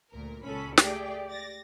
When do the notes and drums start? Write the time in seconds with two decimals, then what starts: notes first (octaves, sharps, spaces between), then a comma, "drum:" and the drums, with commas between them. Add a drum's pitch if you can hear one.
0.11 D2 A#2 A#4
0.44 C#2 A#2 C#4 A4 B5
0.77 A3 G4 G#4 D5 G5, drum: snare
1.30 A6 A#6